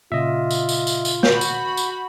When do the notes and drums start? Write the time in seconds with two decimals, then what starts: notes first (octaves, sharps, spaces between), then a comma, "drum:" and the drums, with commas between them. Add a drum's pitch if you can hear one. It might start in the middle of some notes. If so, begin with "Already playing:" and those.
0.12 A#2 C#3 F4 D#5 E5
0.51 drum: tambourine
0.69 drum: tambourine
0.87 drum: tambourine
1.05 drum: tambourine
1.23 F#4 B5 G6, drum: snare
1.41 drum: tambourine
1.77 drum: tambourine